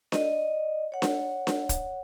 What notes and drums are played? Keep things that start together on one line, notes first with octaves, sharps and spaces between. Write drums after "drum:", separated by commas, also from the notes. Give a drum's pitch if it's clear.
D5 D#5, drum: snare D4
C#5 F#5
drum: snare D4
drum: snare D4
drum: kick, hi-hat